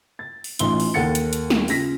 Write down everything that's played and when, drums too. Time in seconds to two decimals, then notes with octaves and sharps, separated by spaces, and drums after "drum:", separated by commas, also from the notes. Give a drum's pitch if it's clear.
0.19 A6
0.44 drum: open hi-hat
0.59 A1 E3 D#4 F4 C6 G7, drum: hi-hat
0.80 drum: open hi-hat
0.94 D#2 A4 F#5 A6 C#7
1.15 drum: hi-hat
1.33 drum: hi-hat
1.50 drum: snare
1.68 C#3 F4 A#6 B6, drum: open hi-hat